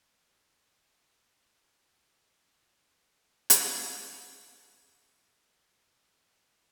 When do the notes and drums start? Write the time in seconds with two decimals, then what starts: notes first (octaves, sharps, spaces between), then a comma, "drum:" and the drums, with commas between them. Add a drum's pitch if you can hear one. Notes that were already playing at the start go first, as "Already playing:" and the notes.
Already playing: G#2
0.79 G2
1.75 G#2
2.72 G#2
3.50 drum: hi-hat
3.68 D3
4.65 G3
5.13 F3
5.60 C3
6.09 F3